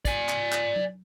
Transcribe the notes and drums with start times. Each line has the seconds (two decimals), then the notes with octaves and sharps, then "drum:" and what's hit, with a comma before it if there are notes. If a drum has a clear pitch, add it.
0.05 D5 G#5, drum: kick, hi-hat
0.29 drum: clap
0.52 drum: clap
0.76 drum: tom F#3